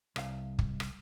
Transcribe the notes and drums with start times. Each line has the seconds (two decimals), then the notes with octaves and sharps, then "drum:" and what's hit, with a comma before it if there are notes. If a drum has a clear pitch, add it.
0.16 C2 F5, drum: rim click
0.59 drum: kick
0.80 drum: rim click